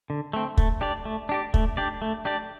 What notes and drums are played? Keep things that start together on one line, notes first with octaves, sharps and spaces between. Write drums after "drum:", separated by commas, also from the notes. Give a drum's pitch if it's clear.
D3
A3 C4
A3, drum: kick
D4 G4 D5
A3
D4 G4 D5
A3, drum: kick
D4 G4 D5
A3
D4 G4 D5